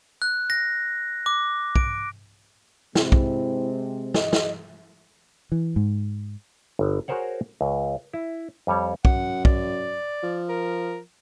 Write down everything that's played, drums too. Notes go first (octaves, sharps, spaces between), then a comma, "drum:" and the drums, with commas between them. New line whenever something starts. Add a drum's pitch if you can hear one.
F#6
A#6
D6
D7, drum: kick
C3 G#3 C4 E4, drum: snare
drum: kick
D#5, drum: snare
drum: snare
E3
G#2
G1
F#4 G#4 A#4 C5 C#5 F#5
C#2
E4
F2 G3 C#5
F#2 F#5, drum: kick
D5, drum: kick
F3
A#4